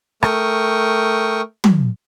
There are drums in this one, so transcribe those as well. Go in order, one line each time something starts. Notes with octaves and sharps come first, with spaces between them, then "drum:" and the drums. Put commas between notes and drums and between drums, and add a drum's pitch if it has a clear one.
A3 A#4 G5 C#6 D#6, drum: rim click
drum: tom